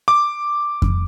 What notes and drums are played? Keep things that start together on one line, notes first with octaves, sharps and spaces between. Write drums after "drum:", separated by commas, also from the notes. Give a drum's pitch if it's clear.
D6
drum: kick F2